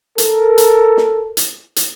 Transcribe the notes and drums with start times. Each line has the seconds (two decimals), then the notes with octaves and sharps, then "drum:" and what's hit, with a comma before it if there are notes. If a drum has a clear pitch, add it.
0.18 A4 A#4, drum: hi-hat
0.58 drum: hi-hat
0.97 drum: snare
1.37 drum: hi-hat
1.76 drum: hi-hat